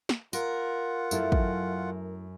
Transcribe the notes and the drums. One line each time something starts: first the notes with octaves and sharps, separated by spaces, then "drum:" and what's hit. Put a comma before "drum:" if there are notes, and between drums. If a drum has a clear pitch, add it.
drum: snare
F4 A#4 F#5, drum: tambourine
F#2 A3 E4 A4, drum: tambourine
drum: kick